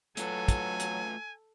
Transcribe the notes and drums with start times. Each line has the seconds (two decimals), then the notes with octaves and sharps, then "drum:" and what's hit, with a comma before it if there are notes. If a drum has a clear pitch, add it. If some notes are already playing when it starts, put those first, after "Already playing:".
0.17 F#3 A3 F4 A4 B4 G#5, drum: hi-hat
0.48 drum: kick, hi-hat
0.80 drum: hi-hat